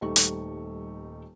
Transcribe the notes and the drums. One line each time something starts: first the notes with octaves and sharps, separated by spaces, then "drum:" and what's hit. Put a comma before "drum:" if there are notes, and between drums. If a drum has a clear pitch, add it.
D#1 G3 A3 D#4 C#6
drum: hi-hat